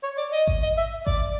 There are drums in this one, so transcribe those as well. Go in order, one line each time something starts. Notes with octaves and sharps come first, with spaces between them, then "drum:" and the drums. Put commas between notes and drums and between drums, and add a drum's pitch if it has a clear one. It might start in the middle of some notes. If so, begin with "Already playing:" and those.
C#5
D5
D#5
drum: kick G#1
D#5
E5
D5, drum: kick G#1